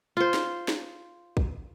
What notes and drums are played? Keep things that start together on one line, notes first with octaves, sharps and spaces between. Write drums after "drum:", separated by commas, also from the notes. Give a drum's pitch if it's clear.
F4 C5
drum: snare
drum: snare
drum: kick